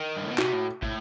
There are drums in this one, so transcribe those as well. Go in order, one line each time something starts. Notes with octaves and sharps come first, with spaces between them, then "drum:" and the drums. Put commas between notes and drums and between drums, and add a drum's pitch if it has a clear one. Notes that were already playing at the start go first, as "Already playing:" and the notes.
Already playing: D#3
G2
A2
B2
C3 F#4, drum: clap
A2
A2, drum: kick